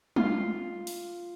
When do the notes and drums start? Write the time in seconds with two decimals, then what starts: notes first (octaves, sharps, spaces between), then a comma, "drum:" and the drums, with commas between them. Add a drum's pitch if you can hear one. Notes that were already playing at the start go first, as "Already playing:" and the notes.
0.16 F4, drum: tom
0.87 drum: open hi-hat